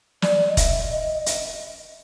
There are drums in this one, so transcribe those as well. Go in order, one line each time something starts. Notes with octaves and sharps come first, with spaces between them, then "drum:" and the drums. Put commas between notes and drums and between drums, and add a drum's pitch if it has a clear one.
D5, drum: snare
D#5
E5, drum: kick E1, hi-hat
D#5
D#5
E5, drum: hi-hat